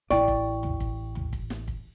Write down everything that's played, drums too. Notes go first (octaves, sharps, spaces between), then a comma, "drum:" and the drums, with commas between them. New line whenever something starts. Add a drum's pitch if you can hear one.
A1 E4 D5 G5 C#6, drum: snare
drum: kick
drum: tom
drum: kick
drum: tom
drum: kick
drum: snare
drum: kick